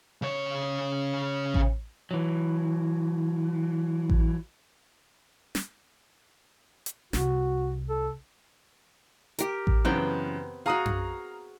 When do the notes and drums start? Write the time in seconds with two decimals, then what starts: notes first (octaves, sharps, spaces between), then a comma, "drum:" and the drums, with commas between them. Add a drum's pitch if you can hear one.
0.22 C#3 C#5
1.54 drum: kick A1
2.11 E3 F#3
4.10 drum: kick A1
5.55 drum: snare
6.86 drum: hi-hat
7.13 C2 F#4, drum: snare
7.90 A4
9.39 G4 A#4, drum: hi-hat
9.67 drum: kick A1
9.85 F#2 C#3 E3 B3 C4 G5
10.66 F#4 G#4 F5 A#5 D#6
10.86 drum: tom F#2